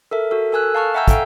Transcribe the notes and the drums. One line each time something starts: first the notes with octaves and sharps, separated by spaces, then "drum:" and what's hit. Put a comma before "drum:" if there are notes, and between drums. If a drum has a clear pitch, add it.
A4 A#4 E5
F#4 A4
A4 A#4 G#5 E6 F#6
F5 A5 C#6 F6
E5 F#5 G#5 A#5 E6 G6
A4 E5 F5 G5, drum: kick, hi-hat